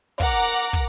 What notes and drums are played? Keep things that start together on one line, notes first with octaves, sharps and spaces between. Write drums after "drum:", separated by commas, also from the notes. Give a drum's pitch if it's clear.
A#4 F#5 A#5 D6 A#6, drum: kick
drum: kick